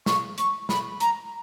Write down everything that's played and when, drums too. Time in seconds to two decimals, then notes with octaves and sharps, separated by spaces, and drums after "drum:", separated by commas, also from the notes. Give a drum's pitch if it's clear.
0.06 C#6, drum: snare
0.38 C#6, drum: hi-hat
0.69 B5, drum: snare
1.00 A#5, drum: hi-hat